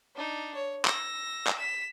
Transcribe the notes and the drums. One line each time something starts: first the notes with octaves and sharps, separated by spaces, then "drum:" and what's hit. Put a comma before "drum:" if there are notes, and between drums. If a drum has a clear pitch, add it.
D4 D#4
C#5
E6 A#6, drum: clap
drum: clap
B6 E7